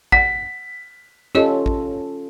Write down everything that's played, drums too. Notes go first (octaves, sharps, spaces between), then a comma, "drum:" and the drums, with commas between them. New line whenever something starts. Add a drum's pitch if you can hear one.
F#5 B6, drum: kick A1
C#4 F4 G4 A4 C#5 D#5
drum: kick A1